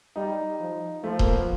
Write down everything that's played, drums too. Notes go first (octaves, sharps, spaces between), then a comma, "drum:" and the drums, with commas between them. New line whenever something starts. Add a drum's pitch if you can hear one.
G3 D#4
F3
F3 A3
A#3, drum: kick D#1
B3